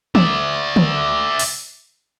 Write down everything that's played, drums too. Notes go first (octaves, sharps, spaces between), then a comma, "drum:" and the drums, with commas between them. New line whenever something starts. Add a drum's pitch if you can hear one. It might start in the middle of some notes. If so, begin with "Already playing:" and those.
D5 E5, drum: tom
drum: tom
drum: open hi-hat